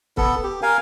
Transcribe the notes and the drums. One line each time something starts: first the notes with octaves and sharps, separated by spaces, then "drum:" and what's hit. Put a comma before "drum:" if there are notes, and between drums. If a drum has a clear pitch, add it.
B3 A4, drum: kick C#1
G4
A#4 F5 G#5